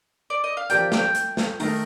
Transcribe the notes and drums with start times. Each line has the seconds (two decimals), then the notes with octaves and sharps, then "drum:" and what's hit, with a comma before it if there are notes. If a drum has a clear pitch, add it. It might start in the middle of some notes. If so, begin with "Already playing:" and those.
0.30 D5
0.44 D#5
0.57 F5
0.70 F3 C4 G4 A#4 D5 G5, drum: hi-hat
0.92 G5, drum: snare
1.15 drum: hi-hat
1.37 drum: snare
1.60 D#3 A3 D#4 A#4 A#5, drum: open hi-hat